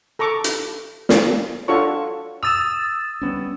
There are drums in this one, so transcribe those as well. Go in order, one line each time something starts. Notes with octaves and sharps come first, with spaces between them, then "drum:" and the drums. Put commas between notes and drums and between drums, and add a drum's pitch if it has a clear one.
A4 A#5 C#6 D6
drum: hi-hat
drum: snare
D4 F4 F#4 A4 C#5 C#6
D#6 E6 A6 E7 F7
G3 B3 C#4